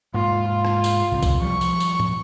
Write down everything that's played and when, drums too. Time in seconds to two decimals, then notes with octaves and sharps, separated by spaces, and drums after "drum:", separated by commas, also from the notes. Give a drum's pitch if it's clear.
0.14 G#2 A#3 F4
0.48 F4
0.65 drum: rim click
0.84 drum: tambourine
1.12 C2 C3
1.22 drum: kick C2, tambourine
1.42 F3 G3 C#6
1.61 drum: tambourine
1.80 drum: tambourine
2.00 drum: tom